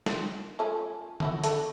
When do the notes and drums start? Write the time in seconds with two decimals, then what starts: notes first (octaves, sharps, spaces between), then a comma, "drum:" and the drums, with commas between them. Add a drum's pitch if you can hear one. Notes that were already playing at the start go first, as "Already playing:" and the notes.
0.06 C4, drum: snare
0.59 F3 A3 C#4
1.20 B3 E4 F#4, drum: tom D3
1.44 A3 D4 F#4, drum: hi-hat